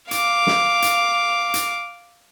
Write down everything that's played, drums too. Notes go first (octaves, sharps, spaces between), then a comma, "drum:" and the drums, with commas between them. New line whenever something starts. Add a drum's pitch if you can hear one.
F5 D6, drum: hi-hat
drum: snare
drum: hi-hat
drum: hi-hat